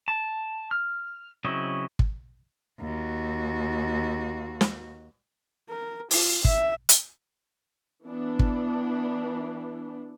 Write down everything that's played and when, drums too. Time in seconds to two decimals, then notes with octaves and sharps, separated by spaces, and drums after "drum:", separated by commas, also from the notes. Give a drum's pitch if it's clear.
0.08 A5
0.71 F6
1.45 C#3 F#3 C4 E4 D#5
1.99 drum: kick
2.81 D#2 F#4
4.61 drum: snare
5.69 A#4
6.11 F4, drum: open hi-hat
6.45 E5, drum: kick
6.89 drum: hi-hat
8.06 E3 B3 D4
8.39 drum: kick